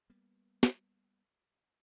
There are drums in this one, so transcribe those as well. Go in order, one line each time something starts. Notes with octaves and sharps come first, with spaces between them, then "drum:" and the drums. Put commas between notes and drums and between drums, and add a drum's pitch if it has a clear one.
G3 A#3 B3
drum: snare